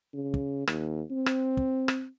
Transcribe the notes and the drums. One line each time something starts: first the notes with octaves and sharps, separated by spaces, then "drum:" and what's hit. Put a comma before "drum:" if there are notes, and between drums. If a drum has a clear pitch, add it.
C#3
drum: kick
D#2, drum: rim click
C4
drum: rim click
drum: kick
drum: rim click